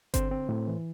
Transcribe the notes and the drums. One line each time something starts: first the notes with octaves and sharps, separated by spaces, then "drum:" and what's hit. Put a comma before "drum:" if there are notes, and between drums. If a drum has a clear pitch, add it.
D3 C4 C5, drum: kick G1, hi-hat
C4
A2
E3